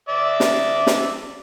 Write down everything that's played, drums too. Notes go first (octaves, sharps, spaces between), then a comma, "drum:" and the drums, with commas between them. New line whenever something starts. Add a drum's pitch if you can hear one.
D5 E5
drum: snare
drum: snare